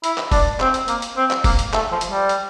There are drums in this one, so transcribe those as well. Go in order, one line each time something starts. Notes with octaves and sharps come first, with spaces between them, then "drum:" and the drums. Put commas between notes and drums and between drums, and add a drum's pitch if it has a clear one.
E4, drum: hi-hat
drum: clap
D4, drum: kick, open hi-hat
C4, drum: clap
drum: hi-hat
A#3, drum: hi-hat
drum: hi-hat
C4
drum: clap
A#3, drum: kick, open hi-hat
drum: hi-hat
A3, drum: clap
F3
drum: hi-hat
G3
drum: hi-hat